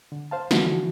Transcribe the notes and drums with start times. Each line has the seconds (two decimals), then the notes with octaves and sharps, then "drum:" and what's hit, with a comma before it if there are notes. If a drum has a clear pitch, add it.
0.12 D3
0.31 C5 F5 A5
0.51 D3 E3 F3 E4 F#4, drum: snare